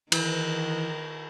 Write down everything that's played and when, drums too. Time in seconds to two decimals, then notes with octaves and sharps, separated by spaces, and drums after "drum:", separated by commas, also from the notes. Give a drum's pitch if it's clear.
0.12 D#3 E3 A#4, drum: cymbal